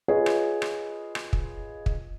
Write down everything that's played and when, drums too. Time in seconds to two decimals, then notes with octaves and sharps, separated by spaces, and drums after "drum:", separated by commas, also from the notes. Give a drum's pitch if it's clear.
0.08 F4 G#4 B4 C#5 D#5
0.26 drum: rim click
0.62 drum: rim click
1.15 drum: rim click
1.33 drum: kick
1.86 drum: kick